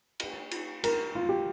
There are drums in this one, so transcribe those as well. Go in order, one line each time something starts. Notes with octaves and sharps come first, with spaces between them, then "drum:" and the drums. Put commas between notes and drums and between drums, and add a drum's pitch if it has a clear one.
drum: cymbal
drum: cymbal
A#4, drum: cymbal
F4
G4